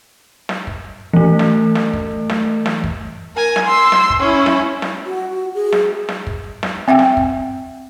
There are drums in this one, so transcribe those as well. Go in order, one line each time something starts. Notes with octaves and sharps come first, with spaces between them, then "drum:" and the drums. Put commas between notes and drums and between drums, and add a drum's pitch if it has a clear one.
drum: snare
drum: kick
E3 A3
drum: snare
drum: snare
drum: kick
drum: snare
drum: snare
drum: kick
A#4 G#5
drum: snare
C6 E6
drum: snare
drum: kick
C#4 E4
drum: snare
drum: snare
F#4
G#4
drum: snare
drum: snare
drum: kick
drum: snare
C4 E5 F#5 G5
drum: snare
drum: kick